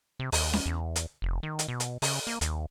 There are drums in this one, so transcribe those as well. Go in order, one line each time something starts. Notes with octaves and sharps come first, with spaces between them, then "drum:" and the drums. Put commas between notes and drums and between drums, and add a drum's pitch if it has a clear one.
C3
D#2, drum: open hi-hat
drum: snare C#4
E2
drum: hi-hat
F1
D#3
drum: hi-hat
B2
drum: hi-hat
C#3, drum: open hi-hat
A#3
D#2, drum: hi-hat